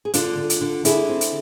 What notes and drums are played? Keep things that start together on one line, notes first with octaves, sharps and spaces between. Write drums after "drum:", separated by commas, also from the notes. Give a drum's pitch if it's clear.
G#4
D3 D4 F4, drum: hi-hat
D3
drum: hi-hat
D3
D3 E4 G#4, drum: hi-hat
C4
drum: hi-hat